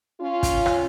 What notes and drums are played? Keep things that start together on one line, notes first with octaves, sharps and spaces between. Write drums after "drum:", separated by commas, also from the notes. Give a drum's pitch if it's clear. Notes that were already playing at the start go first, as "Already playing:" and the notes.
C#4 F4
drum: kick, hi-hat
drum: rim click